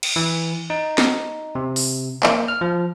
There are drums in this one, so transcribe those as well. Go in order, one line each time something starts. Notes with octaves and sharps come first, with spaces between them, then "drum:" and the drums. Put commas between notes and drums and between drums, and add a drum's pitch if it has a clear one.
drum: cymbal
E3
D#4
drum: snare
C3
drum: open hi-hat
A#3, drum: clap
F6
F3